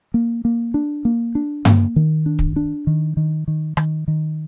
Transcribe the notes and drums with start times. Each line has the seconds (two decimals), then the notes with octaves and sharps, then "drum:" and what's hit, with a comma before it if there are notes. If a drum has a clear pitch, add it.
0.14 A#3
0.45 A#3
0.74 D4
1.05 A#3
1.35 D4
1.65 A#3, drum: tom G2
1.96 D#3
2.26 D4
2.39 drum: kick
2.56 D4
2.87 D#3
3.17 D#3
3.48 D#3
3.77 D#3, drum: rim click
4.08 D#3